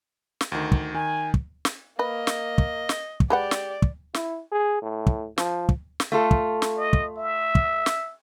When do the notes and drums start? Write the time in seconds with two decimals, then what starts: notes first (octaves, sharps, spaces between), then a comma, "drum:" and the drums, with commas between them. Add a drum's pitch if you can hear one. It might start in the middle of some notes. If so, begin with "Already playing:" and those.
0.41 drum: snare
0.52 D2 D#3
0.72 drum: kick
0.94 D#3 G#5
1.34 drum: kick
1.65 drum: snare
1.99 A#3 B4 D#5
2.27 drum: snare
2.58 drum: kick
2.89 drum: snare
3.20 drum: kick
3.30 G#3 G4 B4 D5 F#5
3.51 drum: snare
3.82 drum: kick
4.14 E4, drum: snare
4.52 G#4
4.82 A2
5.07 drum: kick
5.38 F3, drum: snare
5.69 drum: kick
6.00 drum: snare
6.12 A3 F4 A4
6.31 drum: kick
6.62 drum: snare
6.77 D#5
6.93 drum: kick
7.18 E5
7.55 drum: kick
7.86 drum: snare